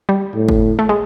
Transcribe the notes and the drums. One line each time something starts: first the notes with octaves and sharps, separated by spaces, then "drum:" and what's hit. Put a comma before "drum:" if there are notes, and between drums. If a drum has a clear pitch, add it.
G3
A2
drum: kick
A3
G#3